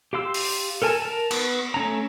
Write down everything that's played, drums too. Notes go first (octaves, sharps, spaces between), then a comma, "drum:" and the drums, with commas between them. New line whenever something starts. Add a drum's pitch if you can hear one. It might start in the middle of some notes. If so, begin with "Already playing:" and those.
G4 F5 C6 E6
drum: open hi-hat
A4 A#4 G#5 A5
A#4 A5
B3, drum: cymbal
A3 C#4 A#5